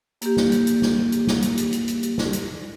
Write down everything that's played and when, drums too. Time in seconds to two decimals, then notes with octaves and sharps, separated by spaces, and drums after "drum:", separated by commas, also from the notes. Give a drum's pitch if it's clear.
0.22 A#3 G4, drum: hi-hat
0.37 drum: snare
0.52 drum: hi-hat
0.67 drum: hi-hat
0.82 drum: snare
1.12 drum: hi-hat
1.27 drum: snare
1.42 drum: hi-hat
1.57 drum: hi-hat
1.73 drum: hi-hat
1.88 drum: hi-hat
2.03 drum: hi-hat
2.18 drum: snare
2.33 drum: hi-hat